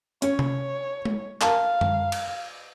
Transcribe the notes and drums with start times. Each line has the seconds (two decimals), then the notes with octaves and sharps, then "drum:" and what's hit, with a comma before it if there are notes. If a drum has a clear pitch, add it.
0.22 C#4 C#5, drum: hi-hat
0.39 drum: tom C3
1.05 drum: tom G#3
1.41 A#4 F5 A5, drum: clap
1.81 drum: tom F#2
2.12 drum: cymbal